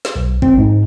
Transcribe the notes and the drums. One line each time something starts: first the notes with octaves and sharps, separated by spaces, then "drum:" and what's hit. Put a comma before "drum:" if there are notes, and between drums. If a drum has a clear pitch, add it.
drum: snare
B1
C4, drum: kick G#1
G#2